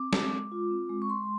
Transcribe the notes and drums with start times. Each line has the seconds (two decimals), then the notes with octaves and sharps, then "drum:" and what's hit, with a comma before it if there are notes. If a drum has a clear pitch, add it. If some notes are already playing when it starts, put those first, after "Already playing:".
Already playing: C4 D6
0.13 G#3, drum: snare
0.32 G#3
0.52 F4
0.70 C4
0.90 G#3
1.02 C#6
1.10 G#3 C6